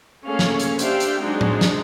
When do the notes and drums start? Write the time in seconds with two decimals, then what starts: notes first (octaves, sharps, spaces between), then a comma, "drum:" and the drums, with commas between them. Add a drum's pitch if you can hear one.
0.24 A3 A#3 C#4 G#4 A4 F5
0.39 drum: snare
0.59 drum: hi-hat
0.79 D4 G4 C5 E5 F5 G5, drum: hi-hat
1.00 drum: hi-hat
1.21 F#3 G#3 C4 D4 D#4
1.41 drum: tom A2
1.61 drum: snare